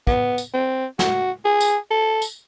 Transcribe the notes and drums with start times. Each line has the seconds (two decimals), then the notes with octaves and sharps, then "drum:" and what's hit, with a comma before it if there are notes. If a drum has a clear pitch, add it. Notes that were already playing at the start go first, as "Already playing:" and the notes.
0.07 B3, drum: kick
0.38 drum: tambourine
0.54 C4
0.99 F#4, drum: snare
1.45 G#4
1.61 drum: tambourine
1.91 A4
2.22 drum: tambourine